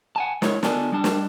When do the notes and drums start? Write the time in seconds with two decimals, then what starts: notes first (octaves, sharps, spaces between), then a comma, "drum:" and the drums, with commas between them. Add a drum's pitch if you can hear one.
0.16 F#5 G#5 A5
0.42 G#3 E4 C#5, drum: snare
0.63 D3 B3 F4 D5 G#5 A5, drum: snare
0.92 G3 D4 A5
1.04 drum: snare